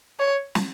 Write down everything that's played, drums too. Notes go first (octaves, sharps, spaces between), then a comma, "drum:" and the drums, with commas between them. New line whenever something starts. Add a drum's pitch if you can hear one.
C#5
drum: snare